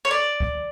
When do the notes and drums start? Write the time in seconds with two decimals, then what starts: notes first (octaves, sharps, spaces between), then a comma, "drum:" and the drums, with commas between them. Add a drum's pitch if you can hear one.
0.05 C#5
0.11 D5
0.40 drum: kick